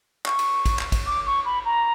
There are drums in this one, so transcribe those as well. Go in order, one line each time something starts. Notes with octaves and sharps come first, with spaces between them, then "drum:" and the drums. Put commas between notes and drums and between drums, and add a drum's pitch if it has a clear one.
C#6, drum: clap
drum: cymbal
drum: kick, cymbal
drum: clap
drum: kick, cymbal
D6
C#6
B5
A#5